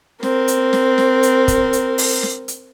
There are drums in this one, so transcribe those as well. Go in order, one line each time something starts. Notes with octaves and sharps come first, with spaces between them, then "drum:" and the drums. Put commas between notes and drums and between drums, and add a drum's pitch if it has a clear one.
C4 A#4, drum: snare
drum: hi-hat
drum: snare
drum: snare
drum: hi-hat
drum: kick, hi-hat
drum: hi-hat
drum: open hi-hat
drum: snare
drum: hi-hat